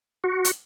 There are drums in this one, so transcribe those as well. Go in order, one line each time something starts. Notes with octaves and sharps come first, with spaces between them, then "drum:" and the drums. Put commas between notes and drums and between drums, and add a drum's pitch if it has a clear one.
F#4
drum: hi-hat